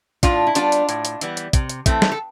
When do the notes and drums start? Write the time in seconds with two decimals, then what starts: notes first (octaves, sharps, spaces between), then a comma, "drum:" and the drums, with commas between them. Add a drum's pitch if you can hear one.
0.23 A2 D4 F4, drum: kick, hi-hat
0.47 E4
0.55 G3 B3 D4 F4, drum: hi-hat
0.72 drum: hi-hat
0.89 A2, drum: hi-hat
1.05 drum: hi-hat
1.21 E3 G3 B3, drum: hi-hat
1.37 drum: hi-hat
1.53 C3, drum: kick, hi-hat
1.69 drum: hi-hat
1.86 E3 A3 C4, drum: kick, hi-hat
2.02 drum: snare
2.12 A4